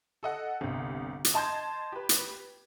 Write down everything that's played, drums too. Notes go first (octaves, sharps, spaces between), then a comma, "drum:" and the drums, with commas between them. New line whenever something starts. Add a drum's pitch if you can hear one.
A4 D#5 F#5
G1 C2
drum: hi-hat
D#5 A5 C6 G6 G#6
G4 B4
drum: hi-hat